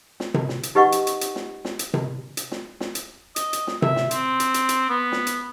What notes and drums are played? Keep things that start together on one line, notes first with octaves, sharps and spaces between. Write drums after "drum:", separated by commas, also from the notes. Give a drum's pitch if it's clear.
drum: snare
drum: tom C3
drum: snare
drum: hi-hat
D#4 G4 B4 D#5 F#5 C#6
drum: hi-hat
drum: hi-hat
drum: hi-hat
drum: snare
drum: snare
drum: hi-hat
drum: tom C3
drum: hi-hat
drum: snare
drum: snare
drum: hi-hat
D#5, drum: hi-hat
drum: hi-hat
drum: snare
E5, drum: tom C3
drum: snare
C4, drum: hi-hat
drum: hi-hat
drum: hi-hat
drum: hi-hat
B3
drum: snare
drum: hi-hat